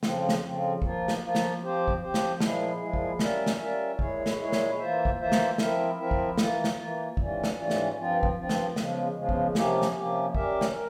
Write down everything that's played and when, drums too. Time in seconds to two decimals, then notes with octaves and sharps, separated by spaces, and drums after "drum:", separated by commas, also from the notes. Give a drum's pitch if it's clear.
0.03 F2 C#3 F3 C4, drum: snare
0.29 drum: snare
0.42 F2 C#3 F3 C4
0.82 F3 A#3 F4, drum: kick
1.08 drum: snare
1.21 F3 A#3 F4
1.35 drum: snare
1.61 F3 C4 G4 C5
1.88 drum: kick
2.01 F3 C4 G4 C5
2.14 drum: snare
2.40 A#2 F3 G#3 E4 G#4, drum: snare
2.81 A#2 F3 G#3 E4 G#4
2.94 drum: kick
3.19 G3 C#4 F4 A#4 E5, drum: snare
3.46 drum: snare
3.60 G3 C#4 F4 A#4 E5
3.99 A#2 G#3 E4 G#4 C#5, drum: kick
4.26 drum: snare
4.39 A#2 G#3 E4 G#4 C#5
4.52 drum: snare
4.78 E3 A#3 F4 C5 E5
5.05 drum: kick
5.19 E3 A#3 F4 C5 E5
5.32 drum: snare
5.58 F3 C4 E4 A#4 E5, drum: snare
5.98 F3 C4 E4 A#4 E5
6.11 drum: kick
6.37 E3 A#3 F4, drum: snare
6.64 drum: snare
6.77 E3 A#3 F4
7.17 G#2 E3 G3 C#4 F4, drum: kick
7.44 drum: snare
7.56 G#2 E3 G3 C#4 F4
7.70 drum: snare
7.96 G2 F3 C4 F4
8.23 drum: kick
8.37 G2 F3 C4 F4
8.49 drum: snare
8.76 E2 C#3 F3 G#3, drum: snare
9.15 E2 C#3 F3 G#3
9.29 drum: kick
9.55 C3 F3 A#3 C#4 G4, drum: snare
9.82 drum: snare
9.94 C3 F3 A#3 C#4 G4
10.35 G3 C#4 G4 A#4 E5, drum: kick
10.61 drum: snare
10.74 A#4